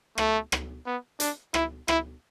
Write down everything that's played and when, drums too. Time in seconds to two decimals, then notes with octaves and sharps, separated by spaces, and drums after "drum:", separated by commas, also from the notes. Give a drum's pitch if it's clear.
0.18 A3, drum: rim click
0.52 drum: rim click
0.86 B3
1.20 D4, drum: hi-hat
1.54 E4, drum: rim click
1.88 E4, drum: rim click